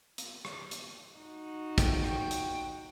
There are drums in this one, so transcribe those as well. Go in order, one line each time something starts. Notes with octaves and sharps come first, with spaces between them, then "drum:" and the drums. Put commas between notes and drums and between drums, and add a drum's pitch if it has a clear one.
drum: hi-hat
drum: rim click
drum: hi-hat
D#4 F#4
G5, drum: kick, hi-hat
drum: rim click
drum: hi-hat